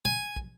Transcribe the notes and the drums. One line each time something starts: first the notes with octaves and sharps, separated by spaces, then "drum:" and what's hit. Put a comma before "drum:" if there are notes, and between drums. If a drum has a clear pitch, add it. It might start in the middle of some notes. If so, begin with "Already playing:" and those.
G#5, drum: tom A#2
drum: kick